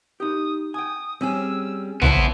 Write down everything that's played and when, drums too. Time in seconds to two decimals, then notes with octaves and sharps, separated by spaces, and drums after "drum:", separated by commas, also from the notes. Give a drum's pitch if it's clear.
0.20 D#4 G4 D#6
0.74 G5 G#5 D#6
1.21 G3 C4 C#4 G#4 G#5 E6
2.02 C#3 B3 E4 B4 C5 A5 C6, drum: tom A#1